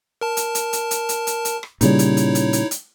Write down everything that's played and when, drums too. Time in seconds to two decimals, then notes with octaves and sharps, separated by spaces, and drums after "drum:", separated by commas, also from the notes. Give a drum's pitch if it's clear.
0.21 A#4 A5
0.37 drum: hi-hat
0.55 drum: hi-hat
0.73 drum: hi-hat
0.91 drum: hi-hat
1.09 drum: hi-hat
1.27 drum: hi-hat
1.45 drum: hi-hat
1.63 drum: rim click
1.81 A#2 C#3 G3 D#4 E4 C#5, drum: hi-hat
1.99 drum: hi-hat
2.17 drum: hi-hat
2.35 drum: hi-hat
2.53 drum: hi-hat
2.71 drum: hi-hat